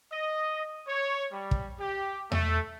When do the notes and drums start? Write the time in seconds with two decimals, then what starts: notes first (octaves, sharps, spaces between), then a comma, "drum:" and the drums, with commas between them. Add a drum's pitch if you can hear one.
0.13 D#5
0.88 C#5
1.33 G3
1.51 drum: kick
1.80 G4
2.32 A3, drum: tom E2